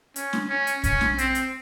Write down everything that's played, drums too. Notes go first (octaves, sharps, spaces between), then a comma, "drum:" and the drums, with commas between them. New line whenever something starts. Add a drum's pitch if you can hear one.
C#4, drum: hi-hat
drum: snare
C#4
drum: hi-hat
C#4, drum: kick B1, hi-hat
drum: snare
C4, drum: hi-hat
drum: hi-hat